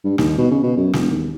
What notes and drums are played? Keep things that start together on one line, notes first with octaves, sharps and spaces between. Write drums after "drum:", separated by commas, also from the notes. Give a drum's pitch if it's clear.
G2
D#2, drum: snare
B2
C#3
B2
F#2
E1, drum: snare
D#2